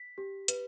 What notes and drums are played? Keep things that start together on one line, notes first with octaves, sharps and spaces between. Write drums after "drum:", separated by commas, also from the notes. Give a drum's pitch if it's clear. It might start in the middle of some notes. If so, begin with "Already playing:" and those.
Already playing: B6
G4
B4, drum: hi-hat